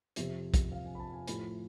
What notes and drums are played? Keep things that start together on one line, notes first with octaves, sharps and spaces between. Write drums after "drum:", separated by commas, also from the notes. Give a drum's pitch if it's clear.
F2 C3 F3 E5, drum: hi-hat
drum: kick, hi-hat
F5
G#5
B5
A5
G#5
A2 F3 B5, drum: hi-hat